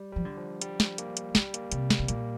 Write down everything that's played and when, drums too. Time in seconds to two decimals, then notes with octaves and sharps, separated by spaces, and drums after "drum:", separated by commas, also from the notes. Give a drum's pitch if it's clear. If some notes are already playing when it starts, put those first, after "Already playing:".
Already playing: G3
0.12 F3 G3
0.25 D3
0.37 F3
0.62 G3, drum: hi-hat
0.80 drum: snare
0.98 A#3, drum: hi-hat
1.17 drum: hi-hat
1.35 D3 G3, drum: snare
1.54 A#3, drum: hi-hat
1.72 C3 G3, drum: hi-hat
1.90 G3, drum: snare
1.99 C3
2.08 A#2 A#3, drum: hi-hat